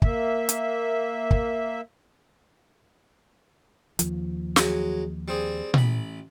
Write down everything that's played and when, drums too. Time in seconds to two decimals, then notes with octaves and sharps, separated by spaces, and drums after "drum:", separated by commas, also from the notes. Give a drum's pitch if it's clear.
0.02 A#3 E5, drum: kick
0.49 drum: hi-hat
1.31 drum: kick
3.99 D#2 F3, drum: hi-hat
4.56 F#3 G#3, drum: snare
5.28 G3 C4 G#4
5.74 A1 B5, drum: tom A#2